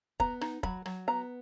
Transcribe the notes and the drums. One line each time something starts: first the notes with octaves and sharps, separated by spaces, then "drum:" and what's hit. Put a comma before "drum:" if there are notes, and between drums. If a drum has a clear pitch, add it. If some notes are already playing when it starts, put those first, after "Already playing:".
B3 A#5, drum: kick
D#4, drum: rim click
F#3 B5, drum: kick
F#3, drum: rim click
B3 A#5